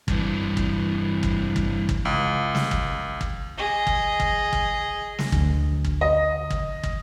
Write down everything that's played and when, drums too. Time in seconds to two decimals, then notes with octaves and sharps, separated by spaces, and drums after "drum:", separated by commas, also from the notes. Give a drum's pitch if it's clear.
0.08 G2 E3, drum: kick
0.57 drum: kick
1.23 drum: kick
1.56 drum: kick
1.89 drum: kick
2.05 C#2
2.55 drum: snare
2.71 drum: kick
3.21 drum: kick
3.57 G#4 D#5
3.87 drum: kick
4.20 drum: kick
4.53 drum: kick
5.19 drum: snare
5.32 D2, drum: kick
5.85 drum: kick
6.01 D#5
6.50 drum: kick
6.83 drum: kick